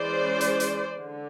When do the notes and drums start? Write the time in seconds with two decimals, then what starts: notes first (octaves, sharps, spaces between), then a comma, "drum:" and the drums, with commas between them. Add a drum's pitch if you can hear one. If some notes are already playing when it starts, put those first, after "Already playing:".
Already playing: E3 G#3 C#4 C5 D5
0.41 drum: hi-hat
0.60 drum: hi-hat
0.98 D3